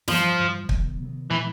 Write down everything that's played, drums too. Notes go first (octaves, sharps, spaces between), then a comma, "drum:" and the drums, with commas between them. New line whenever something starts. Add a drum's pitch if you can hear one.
G2 E3 F3 G3, drum: snare
G2 E3 G3
C3 D#3 F#3 B3, drum: kick
C3 D#3 F#3 B3
A#2 E3 F3 G#3 B3